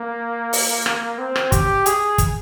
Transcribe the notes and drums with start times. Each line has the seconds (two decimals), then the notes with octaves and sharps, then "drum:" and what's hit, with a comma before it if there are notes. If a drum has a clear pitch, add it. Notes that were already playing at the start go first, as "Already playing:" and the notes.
Already playing: A#3
0.53 drum: open hi-hat
0.86 drum: rim click
1.19 C4
1.36 drum: rim click
1.52 G4, drum: kick, hi-hat
1.86 G#4, drum: hi-hat
2.18 drum: kick, hi-hat